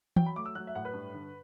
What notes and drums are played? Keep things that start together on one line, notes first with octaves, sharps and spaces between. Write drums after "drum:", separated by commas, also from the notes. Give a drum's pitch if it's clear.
F#3 G5, drum: tom E3
B5
A3 D6
E6
F#3 F#6
E5
A2 F#5
B4
G2
D3